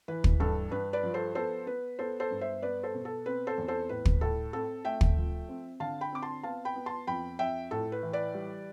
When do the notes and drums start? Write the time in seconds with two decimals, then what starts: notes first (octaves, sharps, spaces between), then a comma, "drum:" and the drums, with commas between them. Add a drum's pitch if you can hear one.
0.08 E3 B4
0.24 drum: kick
0.40 G2 A4
0.71 G2 B4
0.93 B4 D5
1.03 F3
1.14 A4 C5
1.35 B3 A4 C5
1.67 B3 B4
1.99 B3 A4 C5
2.20 A4 C5
2.31 G2
2.41 C5 E5
2.62 B3 B4 D5
2.83 A4 C5
2.94 B2
3.05 A4
3.26 C4 B4
3.47 A4 C5
3.58 E2
3.68 A4 C5
3.89 A2 B4
4.05 drum: kick
4.21 A2 A4
4.53 C4 A4
4.85 A3 E5 G5
5.01 drum: kick
5.17 F3
5.49 C4
5.80 D3 F5 A5
6.01 G5 B5
6.12 C4 D6
6.22 A5 C6
6.43 B3 F5 A5
6.65 G5 B5
6.76 B3
6.86 A5 C6
7.07 F2 G5 B5
7.39 F2 E5 G5
7.71 A2 A4
7.92 B4
8.03 E3
8.13 B4 D5
8.34 G3